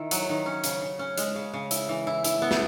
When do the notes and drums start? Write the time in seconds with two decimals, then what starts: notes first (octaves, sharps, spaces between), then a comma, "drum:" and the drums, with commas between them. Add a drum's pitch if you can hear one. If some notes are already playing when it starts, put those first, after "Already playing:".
Already playing: D#3 E4
0.11 F#3, drum: hi-hat
0.29 D#3
0.46 C#4
0.64 C#3, drum: hi-hat
0.81 C#3
0.99 C#4
1.18 G#3, drum: hi-hat
1.35 C#3
1.53 C#3
1.71 E4, drum: hi-hat
1.89 E3
2.07 E4
2.24 E4, drum: hi-hat
2.42 B3
2.51 drum: snare